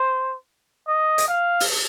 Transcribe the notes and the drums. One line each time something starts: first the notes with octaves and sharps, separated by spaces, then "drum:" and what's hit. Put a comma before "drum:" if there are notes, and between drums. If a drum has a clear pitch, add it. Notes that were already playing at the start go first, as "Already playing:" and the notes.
Already playing: C5
D#5
drum: hi-hat
F5
drum: open hi-hat